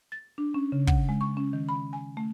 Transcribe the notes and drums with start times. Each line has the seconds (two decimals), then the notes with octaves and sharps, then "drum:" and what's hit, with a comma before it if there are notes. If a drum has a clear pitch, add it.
0.12 A6
0.38 D4
0.54 C#4
0.72 C#3
0.87 F#5, drum: kick
1.09 G#3
1.21 C#6
1.37 C#4
1.53 D#3
1.69 B5
1.93 G#5
2.17 A3